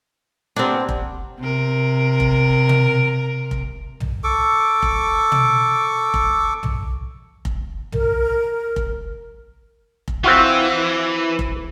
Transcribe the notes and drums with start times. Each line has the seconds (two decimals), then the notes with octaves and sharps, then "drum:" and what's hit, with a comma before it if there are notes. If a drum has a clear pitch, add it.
0.56 A#2 G3 B3 C4 D4
0.89 drum: kick F1
1.39 C3 A#4
2.20 drum: kick F1
2.69 drum: tom
3.51 drum: kick F1
4.00 drum: tom
4.24 A4 C#6 D6
4.82 drum: kick F1
5.32 drum: tom
6.14 drum: kick F1
6.63 drum: tom
7.45 drum: kick F1
7.92 A#4, drum: tom
8.76 drum: kick F1
10.08 drum: kick F1
10.24 E3 C4 F4 F#4
11.39 drum: kick F1